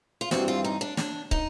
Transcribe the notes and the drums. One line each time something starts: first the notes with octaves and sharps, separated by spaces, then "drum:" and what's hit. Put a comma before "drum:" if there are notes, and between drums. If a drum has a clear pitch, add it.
F4
G2 E3 G3 C4 F#4, drum: snare
F4
D#4
D4
D4, drum: snare
D#4, drum: kick